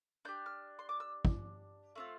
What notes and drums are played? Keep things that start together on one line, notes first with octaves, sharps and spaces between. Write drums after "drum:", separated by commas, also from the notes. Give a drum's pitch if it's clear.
D4 G4 G6
F6
C6
D6
E6
drum: kick
A3 C4 F4